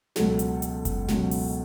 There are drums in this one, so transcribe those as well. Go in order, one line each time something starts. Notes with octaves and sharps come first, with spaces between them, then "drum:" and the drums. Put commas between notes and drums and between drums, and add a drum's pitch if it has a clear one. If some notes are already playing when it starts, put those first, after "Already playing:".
C#2 B2 F#3 A4, drum: snare
drum: hi-hat
drum: hi-hat
drum: kick F#1, hi-hat
C#2 B2 F#3, drum: snare
drum: open hi-hat